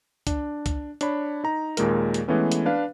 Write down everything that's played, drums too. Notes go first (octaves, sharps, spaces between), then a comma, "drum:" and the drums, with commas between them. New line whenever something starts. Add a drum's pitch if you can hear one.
D4, drum: kick C#2, hi-hat
drum: kick C#2, hi-hat
D4 C#5 B5, drum: hi-hat
D#4 A#5
D#2 A#2 G#3 A#4, drum: hi-hat
drum: hi-hat
E3 G#3 A3 B3 C#4
drum: hi-hat
D4 B4 F5